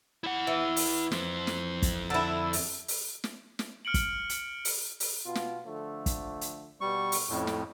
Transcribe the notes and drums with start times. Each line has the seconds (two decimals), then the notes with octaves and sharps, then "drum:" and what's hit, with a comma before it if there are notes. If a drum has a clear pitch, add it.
0.24 E4 F#5
0.47 E3
0.76 drum: open hi-hat
1.11 F2 C5, drum: snare
1.47 drum: snare
1.82 drum: kick, hi-hat
2.10 D3 E4
2.53 drum: open hi-hat
2.88 drum: open hi-hat
3.24 drum: snare
3.59 drum: snare
3.85 F6 C#7 D7 F#7
3.94 drum: kick, hi-hat
4.29 drum: hi-hat
4.65 drum: open hi-hat
5.00 drum: open hi-hat
5.25 B2 F4
5.35 drum: snare
5.64 D3 F3 A3
6.06 drum: kick, hi-hat
6.41 drum: hi-hat
6.81 B2 G3 C#6
7.12 drum: open hi-hat
7.29 F2 A2 C#4
7.47 drum: snare